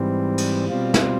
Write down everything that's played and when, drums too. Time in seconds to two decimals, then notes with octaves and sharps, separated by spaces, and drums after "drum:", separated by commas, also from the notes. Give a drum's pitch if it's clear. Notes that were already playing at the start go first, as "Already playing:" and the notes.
Already playing: G#2 E3 G3 C4
0.38 drum: cymbal
0.68 B2 G3 C4 F4
0.94 drum: snare